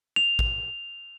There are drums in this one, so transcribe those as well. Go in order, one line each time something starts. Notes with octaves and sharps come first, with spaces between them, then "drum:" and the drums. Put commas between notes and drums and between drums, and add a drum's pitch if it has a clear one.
F7
drum: kick A1